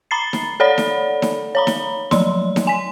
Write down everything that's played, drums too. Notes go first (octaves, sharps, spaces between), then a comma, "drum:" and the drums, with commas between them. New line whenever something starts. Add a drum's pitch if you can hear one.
A#5 B5 A6 C7
drum: snare D#4
A4 C#5 D5 F#5 B5
drum: snare D#4
drum: snare D#4
C#5 A#5 B5
drum: snare D#4
F3 F#3 C6, drum: snare D#4
drum: snare D#4
G#5 B6